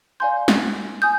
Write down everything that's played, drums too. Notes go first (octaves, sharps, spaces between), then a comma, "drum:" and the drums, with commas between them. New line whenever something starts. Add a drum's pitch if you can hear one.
D5 F5 G#5 C6 G6
drum: snare
G#5 D#6 G6